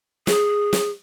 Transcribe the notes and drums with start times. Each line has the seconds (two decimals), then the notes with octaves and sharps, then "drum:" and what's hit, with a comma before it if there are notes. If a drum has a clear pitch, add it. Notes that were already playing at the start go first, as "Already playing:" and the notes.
0.27 G#4, drum: snare
0.73 drum: snare